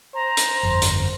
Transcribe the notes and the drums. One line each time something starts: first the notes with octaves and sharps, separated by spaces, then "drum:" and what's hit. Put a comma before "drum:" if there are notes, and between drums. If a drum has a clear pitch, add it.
C5 A#5
drum: hi-hat
G1 F2
drum: hi-hat